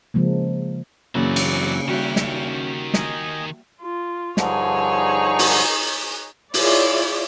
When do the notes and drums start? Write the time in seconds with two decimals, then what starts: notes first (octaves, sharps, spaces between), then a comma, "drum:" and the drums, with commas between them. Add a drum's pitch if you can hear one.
0.14 C#3 F3 G#3 A#3
1.15 F#2 C#3 E3 F#3 A#3 C4 D5
1.36 drum: cymbal
1.88 D#3 G3 C#4 E4 F#4 G4
2.16 drum: snare
2.94 D#5 G#5 A#5, drum: snare
3.82 F4
4.37 G2 D3 F3 D#4 G#4 C#5, drum: snare
5.39 drum: open hi-hat
6.54 E4 F4 G#4 C#5 D5, drum: open hi-hat